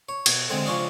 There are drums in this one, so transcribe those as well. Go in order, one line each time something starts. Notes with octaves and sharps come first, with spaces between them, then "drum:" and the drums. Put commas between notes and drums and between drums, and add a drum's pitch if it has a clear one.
C#5
B2, drum: cymbal
D3 G#3 C4 A4
C#3 F3 C#4 D4 G#4